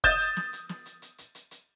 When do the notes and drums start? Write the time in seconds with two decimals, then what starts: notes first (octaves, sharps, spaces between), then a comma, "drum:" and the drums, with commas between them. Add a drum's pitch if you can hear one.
0.04 D#6 G6 A6 E7, drum: kick F1, hi-hat
0.20 drum: hi-hat
0.37 drum: snare
0.53 drum: hi-hat
0.69 drum: snare
0.86 drum: hi-hat
1.02 drum: hi-hat
1.18 drum: hi-hat
1.35 drum: hi-hat
1.51 drum: hi-hat